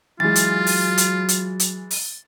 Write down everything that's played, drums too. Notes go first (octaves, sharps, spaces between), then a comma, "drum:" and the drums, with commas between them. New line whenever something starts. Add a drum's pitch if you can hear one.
E3 F#3 G#3 F4 A6
drum: hi-hat
drum: open hi-hat
drum: hi-hat
drum: hi-hat
drum: hi-hat
drum: open hi-hat